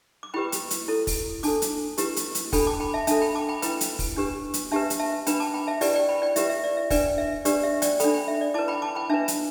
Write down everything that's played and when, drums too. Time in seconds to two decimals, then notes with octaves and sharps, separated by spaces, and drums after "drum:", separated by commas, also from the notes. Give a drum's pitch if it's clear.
0.23 D6
0.34 E4 G4 B4 G5 B5
0.52 drum: hi-hat
0.71 drum: hi-hat
0.88 E4 A4
1.07 drum: kick, open hi-hat
1.43 D4 A4 A5 D6, drum: open hi-hat
1.62 drum: hi-hat
1.98 E4 G4 B4, drum: hi-hat
2.16 drum: hi-hat
2.35 drum: hi-hat
2.52 D4 A4 G5 B5, drum: kick, open hi-hat
2.67 A5 D6
2.80 G5 B5
2.94 E5 A5
3.07 D4 A4 E5 A5, drum: hi-hat
3.21 G5 B5
3.35 A5 D6
3.49 G5 B5
3.62 E4 B4 G5 B5, drum: hi-hat
3.81 drum: hi-hat
3.99 drum: kick, open hi-hat
4.16 D4 G4 B4
4.54 drum: hi-hat
4.72 D4 G4 B4 E5 A5
4.90 drum: hi-hat
4.99 E5 A5
5.27 D4 B4 G5 B5, drum: hi-hat
5.40 A5 D6
5.54 G5 B5
5.67 E5 A5
5.81 E4 G4 B4 D5 G5, drum: open hi-hat
5.95 D5 G5
6.09 G5 B5
6.22 D5 G5
6.36 E4 G4 B4 E5, drum: hi-hat
6.49 E5
6.64 D5
6.77 E5
6.90 D4 B4 D5 G5, drum: kick, open hi-hat
7.18 E5
7.45 D4 G4 B4 D5, drum: hi-hat
7.63 E5
7.82 D5 G5, drum: hi-hat
8.00 D4 A4 G5 B5, drum: hi-hat
8.14 G5 B5
8.28 E5
8.41 D5
8.54 E4 B4 A5 D6
8.68 G5 B5
8.82 A5 D6
8.95 G5 B5
9.10 D4 B4 E5 A5
9.28 drum: hi-hat